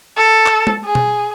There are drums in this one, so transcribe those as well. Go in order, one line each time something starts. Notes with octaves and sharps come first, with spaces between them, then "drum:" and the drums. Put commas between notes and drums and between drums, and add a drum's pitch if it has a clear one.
A4
drum: clap
drum: tom
G#4
drum: tom B2